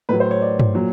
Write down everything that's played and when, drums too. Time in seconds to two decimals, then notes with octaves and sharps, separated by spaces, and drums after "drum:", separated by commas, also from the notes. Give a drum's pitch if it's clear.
0.09 A2 F#3 B4
0.20 C5
0.31 C#5
0.42 D5
0.59 drum: tom
0.73 A#2 F#3